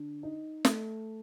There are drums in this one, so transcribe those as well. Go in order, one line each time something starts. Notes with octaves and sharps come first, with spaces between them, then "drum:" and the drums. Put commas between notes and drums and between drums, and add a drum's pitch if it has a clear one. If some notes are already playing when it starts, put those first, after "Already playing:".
Already playing: D3
D#4
A3, drum: snare